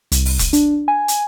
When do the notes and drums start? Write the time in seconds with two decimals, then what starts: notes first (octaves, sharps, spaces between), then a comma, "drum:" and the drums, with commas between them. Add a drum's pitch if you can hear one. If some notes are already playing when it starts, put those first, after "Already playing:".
0.12 C2, drum: hi-hat
0.25 drum: open hi-hat
0.39 drum: kick E1, hi-hat
0.53 D4, drum: hi-hat
0.88 G#5
1.08 drum: hi-hat